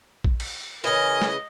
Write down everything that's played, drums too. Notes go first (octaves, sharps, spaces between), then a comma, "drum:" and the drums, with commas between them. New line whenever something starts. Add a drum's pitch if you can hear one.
drum: kick
drum: cymbal
C#3 E3 A#4 D#5 G#5
drum: snare